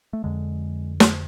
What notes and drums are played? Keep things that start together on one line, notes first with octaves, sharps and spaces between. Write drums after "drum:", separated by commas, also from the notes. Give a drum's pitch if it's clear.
A3
F2 D3 G#3
drum: snare